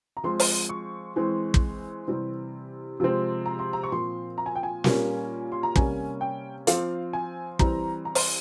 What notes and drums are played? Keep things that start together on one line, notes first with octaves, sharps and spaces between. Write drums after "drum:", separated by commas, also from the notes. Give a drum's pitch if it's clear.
A#5
F3 G#3 C4 C6
drum: open hi-hat
C#6
E3 G#3 C4
drum: kick
C3 E3 G3 C4
C3 F3 G#3 C4
A#5
C6
A#5
C#6
A#2 F3 C4 C6
A#5
G#5
G5
G#5
A#2 G3 A#3 C#4, drum: snare
C6
A#5
C3 G3 A#3 C#4 G#5, drum: kick
G5
F3 C4 F5, drum: hi-hat
G#5
E3 G3 C4 A#5, drum: kick
A#5
C6, drum: open hi-hat